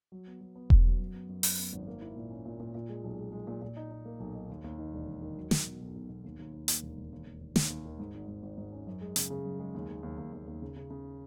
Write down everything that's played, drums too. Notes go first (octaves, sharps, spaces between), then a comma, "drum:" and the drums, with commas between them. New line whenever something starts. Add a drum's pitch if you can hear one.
F#3
B3
F#3
B3
B3, drum: kick E1
F#3
F#2
B3
F#2
F#2, drum: open hi-hat
B3
G#1
A#3
E4
A#2
C#4
A#2
A#2
A#2
G#3
B1
G#3
G#3
A#2
A#2
D#4
D#4
A#3
B1
D#4
D#2
D#2
D#3
E1
E1
D#3
F#3
F#3, drum: snare
B2
B1
B2
B2
D#2
D#2
D#2
A#3, drum: hi-hat
E1
E1
D#2
D#2
D#2
D#2, drum: snare
D#2
D#3
G#2
G#1
G#1
G#1
G#2
C#4
F#2
G#3
C#3, drum: hi-hat
C#3
F#2
G#3
D#2
D#2
D#2
D#2
D#2
D#2
C#3
C#3
C#3